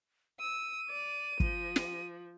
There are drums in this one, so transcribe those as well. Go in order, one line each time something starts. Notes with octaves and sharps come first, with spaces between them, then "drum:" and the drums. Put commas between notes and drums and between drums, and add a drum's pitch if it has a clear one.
E6 D#7
D5
F3, drum: kick
drum: snare